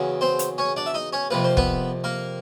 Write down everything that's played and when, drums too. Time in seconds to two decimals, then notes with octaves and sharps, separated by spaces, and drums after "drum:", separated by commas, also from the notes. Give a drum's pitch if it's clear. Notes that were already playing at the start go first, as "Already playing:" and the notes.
Already playing: E2 C#3 F#3
0.21 C4 C5
0.39 drum: hi-hat
0.58 C#4 C#5
0.76 D4 D5
0.86 E5
0.94 D#4 D#5
1.13 C#4 C#5
1.30 F2 C3 F3 A#3 B4
1.44 C5
1.57 B3 B4, drum: kick
2.04 A#3 A#4